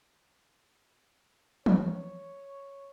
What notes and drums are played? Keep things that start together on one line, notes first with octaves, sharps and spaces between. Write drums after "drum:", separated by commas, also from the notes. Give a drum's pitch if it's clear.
C#5, drum: tom E3